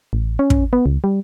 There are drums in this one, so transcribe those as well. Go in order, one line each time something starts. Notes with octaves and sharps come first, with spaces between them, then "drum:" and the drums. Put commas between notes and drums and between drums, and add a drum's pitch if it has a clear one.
A1
C#4
drum: kick
B3
C#2
G3